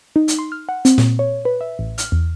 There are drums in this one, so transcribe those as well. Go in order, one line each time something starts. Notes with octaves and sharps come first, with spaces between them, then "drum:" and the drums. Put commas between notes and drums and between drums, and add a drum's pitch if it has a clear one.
D#4
drum: hi-hat
C6
F6
F#5
C4, drum: hi-hat
A#2, drum: snare
C#5
B4
E5
A1
F6, drum: hi-hat
E2